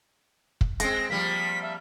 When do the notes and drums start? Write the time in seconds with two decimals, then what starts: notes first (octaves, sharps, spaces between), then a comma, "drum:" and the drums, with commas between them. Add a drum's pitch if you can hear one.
0.61 drum: kick
0.80 G#3 C4 A#6, drum: hi-hat
1.10 F3 G3 A#3 B6
1.62 E5